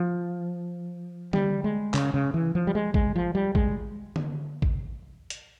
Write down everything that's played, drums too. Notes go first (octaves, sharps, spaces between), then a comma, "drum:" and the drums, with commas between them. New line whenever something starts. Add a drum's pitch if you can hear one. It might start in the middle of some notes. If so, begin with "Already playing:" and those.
Already playing: F3
G3, drum: tom D3
G#3
C#3, drum: clap
C#3
E3
F3
G3
G#3
G#3, drum: kick A1
F3
G3
G#3, drum: kick A1
drum: tom D3
drum: kick A1
drum: hi-hat